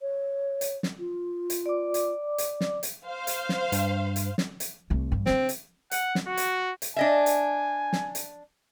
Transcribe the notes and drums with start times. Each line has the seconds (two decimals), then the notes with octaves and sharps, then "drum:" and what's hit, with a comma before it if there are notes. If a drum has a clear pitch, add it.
0.01 C#5
0.61 drum: hi-hat
0.83 drum: snare
0.99 F4
1.50 drum: hi-hat
1.66 D5 D6
1.94 drum: hi-hat
2.38 drum: hi-hat
2.61 drum: snare
2.83 drum: hi-hat
3.05 C5 F5
3.27 drum: hi-hat
3.49 drum: snare
3.72 G2, drum: hi-hat
4.16 drum: hi-hat
4.38 drum: snare
4.60 drum: hi-hat
4.90 C2 A3
5.12 G2 E3
5.26 C#3 C4 D4, drum: snare
5.49 drum: hi-hat
5.91 F#5, drum: hi-hat
6.15 drum: snare
6.27 F#4
6.37 drum: hi-hat
6.82 drum: hi-hat
6.96 D4 D#5 E5 G#5
7.26 drum: hi-hat
7.93 drum: snare
8.15 drum: hi-hat